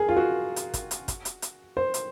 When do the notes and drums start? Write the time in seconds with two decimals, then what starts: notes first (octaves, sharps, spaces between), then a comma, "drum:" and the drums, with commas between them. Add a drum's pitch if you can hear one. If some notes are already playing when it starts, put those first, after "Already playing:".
Already playing: G#4 A#4
0.09 F4
0.17 F#4
0.56 drum: hi-hat
0.74 drum: kick, hi-hat
0.91 drum: hi-hat
1.08 drum: kick, hi-hat
1.25 drum: hi-hat
1.42 drum: hi-hat
1.77 C5
1.94 drum: hi-hat